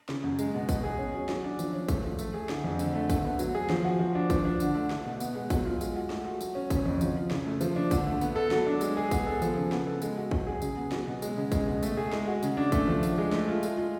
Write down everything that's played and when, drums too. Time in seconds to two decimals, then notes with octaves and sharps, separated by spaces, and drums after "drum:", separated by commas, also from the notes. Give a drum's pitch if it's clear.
0.09 C#3, drum: snare
0.24 F#2
0.39 G#3, drum: tambourine
0.54 B2
0.69 B3, drum: kick, tambourine
0.84 G#4
0.99 C#4
1.14 F#3
1.29 F#3, drum: snare
1.44 D4
1.59 F3, drum: tambourine
1.73 C#4
1.88 A3, drum: kick, tambourine
2.04 F3
2.19 A3, drum: tambourine
2.34 G#4
2.49 D3, drum: snare
2.64 F2
2.79 D3, drum: tambourine
2.95 A3
3.10 D3, drum: kick, tambourine
3.24 B3
3.39 F#3, drum: tambourine
3.55 G#4
3.70 F3, drum: snare
3.85 F#4
4.00 F3
4.15 D4
4.30 F3, drum: kick, tambourine
4.45 D4
4.60 D3, drum: tambourine
4.75 A3
4.90 A3, drum: snare
5.06 B2
5.20 B3, drum: tambourine
5.35 G#3
5.50 F#3, drum: kick, tambourine
5.65 F4
5.81 G#3, drum: tambourine
5.96 F#4
6.10 A3, drum: snare
6.25 F#4
6.41 F#3, drum: tambourine
6.55 C#4
6.70 C#3, drum: kick, tambourine
6.86 F2
7.01 F3, drum: tambourine
7.15 F4
7.31 C#3, drum: snare
7.46 A3
7.61 F3, drum: tambourine
7.76 D4
7.91 D3, drum: kick, tambourine
8.06 A3
8.21 B3, drum: tambourine
8.36 A4
8.51 F#3, drum: snare
8.67 D4
8.81 G#3, drum: tambourine
8.97 G#4
9.11 B3, drum: kick, tambourine
9.26 A4
9.42 F3, drum: tambourine
9.56 C#3
9.72 B3, drum: snare
9.86 A4
10.02 G#3, drum: tambourine
10.17 F#4
10.31 F#3, drum: kick
10.47 G#4
10.62 C#3, drum: tambourine
10.77 B3
10.92 F#3, drum: snare
11.07 B2
11.22 G#3, drum: tambourine
11.37 C#3
11.52 G#3, drum: kick, tambourine
11.67 B2
11.83 A3, drum: tambourine
11.97 G#4
12.12 G#3, drum: snare
12.28 F#4
12.43 C#3, drum: tambourine
12.57 D4
12.72 A3, drum: kick, tambourine
12.87 F3
13.03 D4, drum: tambourine
13.18 G#3
13.32 A3, drum: snare
13.48 F4
13.63 G#3, drum: tambourine
13.78 F4